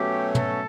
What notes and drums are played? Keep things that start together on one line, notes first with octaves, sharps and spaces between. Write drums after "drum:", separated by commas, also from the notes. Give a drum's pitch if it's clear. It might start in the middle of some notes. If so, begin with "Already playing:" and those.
Already playing: B2 F#3 A3 C#4 G4
A4, drum: tom